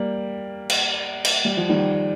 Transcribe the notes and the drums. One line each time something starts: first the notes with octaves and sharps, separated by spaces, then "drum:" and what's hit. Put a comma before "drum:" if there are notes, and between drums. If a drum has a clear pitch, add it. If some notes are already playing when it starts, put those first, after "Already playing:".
Already playing: G3 A#3
drum: cymbal
drum: cymbal
G3
F3
D#3 G3